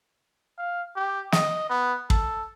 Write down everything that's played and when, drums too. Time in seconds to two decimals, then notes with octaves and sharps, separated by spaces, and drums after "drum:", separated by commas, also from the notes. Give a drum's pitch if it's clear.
0.58 F5
0.96 G4
1.32 D#5, drum: snare
1.70 B3
2.10 A4, drum: kick